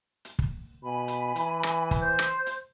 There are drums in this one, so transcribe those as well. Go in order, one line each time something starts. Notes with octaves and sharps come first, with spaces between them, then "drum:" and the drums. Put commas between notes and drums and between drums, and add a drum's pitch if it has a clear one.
drum: hi-hat
drum: kick
B2 G#5 B5
drum: hi-hat
E3, drum: hi-hat
drum: rim click
drum: kick, hi-hat
C5 G6
drum: rim click
drum: hi-hat